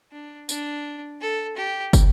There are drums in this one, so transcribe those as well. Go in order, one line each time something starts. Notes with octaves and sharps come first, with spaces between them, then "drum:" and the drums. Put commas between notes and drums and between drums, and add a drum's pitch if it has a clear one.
D4
D4, drum: tambourine
A4
G4
drum: kick, tambourine